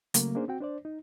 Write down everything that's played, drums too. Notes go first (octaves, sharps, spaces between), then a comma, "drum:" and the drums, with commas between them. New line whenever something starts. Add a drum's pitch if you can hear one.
C#3 F#3 A3 A#3, drum: hi-hat
A#3 C#4 D4 G#4 C5
C4 F#4 G5
D4 C5 D5
D#4